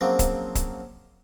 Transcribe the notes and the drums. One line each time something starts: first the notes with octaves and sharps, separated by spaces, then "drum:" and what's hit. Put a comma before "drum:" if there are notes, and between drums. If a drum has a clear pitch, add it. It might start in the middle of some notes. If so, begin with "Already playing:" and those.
C#3 F3 F#3 A#3 C4
drum: kick C#1, hi-hat
drum: kick C#1, hi-hat